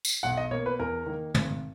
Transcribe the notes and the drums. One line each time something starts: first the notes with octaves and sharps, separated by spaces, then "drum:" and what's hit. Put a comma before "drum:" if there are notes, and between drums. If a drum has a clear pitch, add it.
drum: tambourine
B1 F#5
D#5
B2 A#3 C#5
B4
E2 A#4
D#3 A#3
G#1, drum: tom